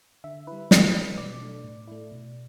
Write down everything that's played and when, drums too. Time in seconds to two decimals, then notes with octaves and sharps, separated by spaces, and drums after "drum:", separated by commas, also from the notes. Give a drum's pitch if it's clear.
0.24 D3 E5
0.47 G3 E4 B4
0.71 D3 B4, drum: snare
0.94 A3 D4
1.17 B2 D5
1.42 A3 D4
1.64 A2
1.87 A3 E4
2.12 B2